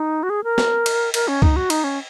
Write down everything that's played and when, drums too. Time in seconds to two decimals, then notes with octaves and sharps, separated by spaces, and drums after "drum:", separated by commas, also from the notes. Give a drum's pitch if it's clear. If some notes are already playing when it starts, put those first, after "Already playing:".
Already playing: D#4
0.23 F#4
0.30 G#4
0.44 A#4
0.58 drum: snare
0.86 drum: cymbal
1.14 A#4, drum: cymbal
1.28 C#4
1.42 D#4, drum: kick C#2
1.56 F#4
1.70 D#4, drum: cymbal
1.84 C#4